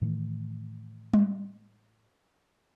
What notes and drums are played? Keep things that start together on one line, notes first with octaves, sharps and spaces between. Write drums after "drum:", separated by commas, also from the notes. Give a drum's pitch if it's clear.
A2 D#3 E3 A3
drum: tom G3